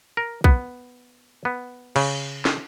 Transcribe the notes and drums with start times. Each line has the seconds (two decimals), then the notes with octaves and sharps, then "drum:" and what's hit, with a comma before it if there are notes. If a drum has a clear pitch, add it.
0.17 A#4
0.44 B3, drum: kick B1
1.45 B3
1.96 C#3, drum: cymbal
2.45 drum: snare